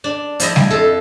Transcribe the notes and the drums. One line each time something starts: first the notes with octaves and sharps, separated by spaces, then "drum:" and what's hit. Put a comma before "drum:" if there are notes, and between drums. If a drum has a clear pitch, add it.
D4
F3 E4 D#5, drum: hi-hat
G#5, drum: snare G3
F2 A4